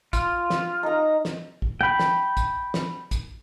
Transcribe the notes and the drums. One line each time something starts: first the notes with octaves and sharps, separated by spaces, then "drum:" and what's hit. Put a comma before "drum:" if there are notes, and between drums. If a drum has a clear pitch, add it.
F4, drum: kick, hi-hat
drum: snare
D#4 A#5
drum: snare
drum: kick
G5 B5
drum: snare
drum: kick, hi-hat
drum: snare
drum: kick, hi-hat